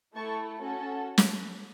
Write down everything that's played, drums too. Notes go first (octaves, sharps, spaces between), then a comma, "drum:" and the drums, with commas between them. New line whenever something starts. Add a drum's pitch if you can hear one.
A3 E4 A4 A5 C#6
C#4 F#4 A4
drum: snare